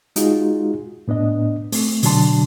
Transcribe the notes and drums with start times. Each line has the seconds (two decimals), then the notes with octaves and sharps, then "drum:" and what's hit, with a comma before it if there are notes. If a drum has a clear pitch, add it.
0.16 G#3 D#4 F4 F#4 G#4, drum: hi-hat
1.08 A2 B3 D4 D#5
1.72 A3 C4, drum: open hi-hat
2.03 B2 D3 F#3 D4 A5 C6, drum: open hi-hat